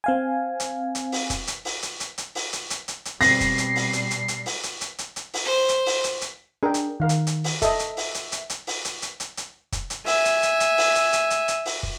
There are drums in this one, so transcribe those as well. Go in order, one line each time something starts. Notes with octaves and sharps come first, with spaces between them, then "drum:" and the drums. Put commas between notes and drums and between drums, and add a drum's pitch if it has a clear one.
C4 F5 G#5
drum: hi-hat
drum: hi-hat
drum: open hi-hat
drum: kick, hi-hat
drum: hi-hat
drum: open hi-hat
drum: hi-hat
drum: hi-hat
drum: hi-hat
drum: open hi-hat
drum: hi-hat
drum: hi-hat
drum: hi-hat
drum: hi-hat
B2 G3 C4 A#6 C7, drum: open hi-hat
drum: kick, hi-hat
drum: hi-hat
drum: open hi-hat
drum: hi-hat
drum: hi-hat
drum: hi-hat
drum: open hi-hat
drum: hi-hat
drum: hi-hat
drum: hi-hat
drum: hi-hat
drum: open hi-hat
C5
drum: hi-hat
drum: open hi-hat
drum: hi-hat
drum: hi-hat
D4 G#4 A#4 G5
drum: hi-hat
D#3 A#4 F5 F#5
drum: hi-hat
drum: hi-hat
drum: open hi-hat
A4 D#5 E5, drum: kick, hi-hat
drum: hi-hat
drum: open hi-hat
drum: hi-hat
drum: hi-hat
drum: hi-hat
drum: open hi-hat
drum: hi-hat
drum: hi-hat
drum: hi-hat
drum: hi-hat
drum: kick, hi-hat
drum: hi-hat
E5 G#5, drum: open hi-hat
drum: hi-hat
drum: hi-hat
drum: hi-hat
drum: open hi-hat
drum: hi-hat
drum: hi-hat
drum: hi-hat
drum: hi-hat
drum: open hi-hat
drum: kick